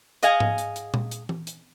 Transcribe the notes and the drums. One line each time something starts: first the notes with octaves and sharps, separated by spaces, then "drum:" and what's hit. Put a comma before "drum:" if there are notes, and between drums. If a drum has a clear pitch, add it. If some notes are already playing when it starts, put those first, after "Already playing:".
G#4 D#5 F5 F#5 G#5, drum: hi-hat
drum: tom G#2
drum: hi-hat
drum: hi-hat
drum: tom A#2
drum: hi-hat
drum: tom E3
drum: hi-hat